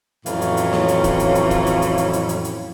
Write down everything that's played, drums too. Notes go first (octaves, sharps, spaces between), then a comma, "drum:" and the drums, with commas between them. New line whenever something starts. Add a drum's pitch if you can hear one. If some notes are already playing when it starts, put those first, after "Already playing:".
F2 A2 E3 F#3 C#4 F4, drum: hi-hat
drum: hi-hat
drum: hi-hat
drum: snare
drum: hi-hat
drum: kick, hi-hat
drum: hi-hat
drum: hi-hat
drum: kick, hi-hat
drum: hi-hat
drum: hi-hat
drum: hi-hat
drum: hi-hat
drum: hi-hat
drum: hi-hat